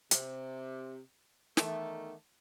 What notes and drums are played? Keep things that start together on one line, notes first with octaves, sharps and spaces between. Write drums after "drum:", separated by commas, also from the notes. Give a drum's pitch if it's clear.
C3, drum: hi-hat
E2 D#3 A3 E5 A5, drum: snare